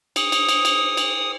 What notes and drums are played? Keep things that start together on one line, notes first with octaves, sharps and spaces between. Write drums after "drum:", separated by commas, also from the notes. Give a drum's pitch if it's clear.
D#6, drum: cymbal
drum: cymbal
drum: cymbal
drum: cymbal
drum: cymbal